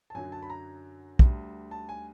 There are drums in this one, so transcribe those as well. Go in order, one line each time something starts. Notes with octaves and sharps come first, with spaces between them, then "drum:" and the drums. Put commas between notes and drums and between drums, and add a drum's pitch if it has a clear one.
A5
F#2 D3 F#3 G#5
A5
B5
A#5
D2 D3 G3, drum: kick
A5
G#5